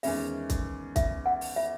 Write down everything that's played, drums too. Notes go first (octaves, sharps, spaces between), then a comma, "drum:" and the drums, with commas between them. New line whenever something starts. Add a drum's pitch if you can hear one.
E2 D#3 G#3 C#4 G#4 E5, drum: open hi-hat
drum: kick, hi-hat
E5, drum: kick, hi-hat
F#5
drum: open hi-hat
E5